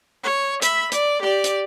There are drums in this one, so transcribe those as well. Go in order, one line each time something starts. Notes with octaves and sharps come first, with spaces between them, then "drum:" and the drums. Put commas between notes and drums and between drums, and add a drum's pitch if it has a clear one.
C#5
E5 B5, drum: hi-hat
D5, drum: hi-hat
G4 D5
drum: hi-hat